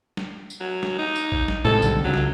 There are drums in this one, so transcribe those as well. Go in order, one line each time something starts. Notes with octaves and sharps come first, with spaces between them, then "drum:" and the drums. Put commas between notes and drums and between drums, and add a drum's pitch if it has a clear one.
drum: snare
drum: tambourine
F#3
drum: snare
D#4
drum: tambourine
drum: kick
drum: snare
A2 C3 G#3 A4
B1 D3 G3, drum: tambourine
C#2 F#3
drum: snare